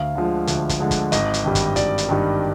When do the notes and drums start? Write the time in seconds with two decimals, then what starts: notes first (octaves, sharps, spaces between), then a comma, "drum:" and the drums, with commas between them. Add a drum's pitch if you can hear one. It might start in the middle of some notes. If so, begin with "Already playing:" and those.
Already playing: D2 F5
0.15 D3 F3 G#3
0.47 D2, drum: hi-hat
0.69 drum: kick, hi-hat
0.80 D3 F3 G#3
0.91 drum: kick, hi-hat
1.12 G#1 D#5, drum: hi-hat
1.34 drum: hi-hat
1.45 G2 D#3 G3
1.55 drum: kick, hi-hat
1.76 G#1 D5, drum: kick, hi-hat
1.98 drum: hi-hat
2.09 G2 D#3 G3